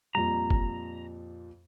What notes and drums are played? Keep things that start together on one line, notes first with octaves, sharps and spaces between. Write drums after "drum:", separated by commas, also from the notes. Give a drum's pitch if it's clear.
F2 A#2 G3 A#5
drum: kick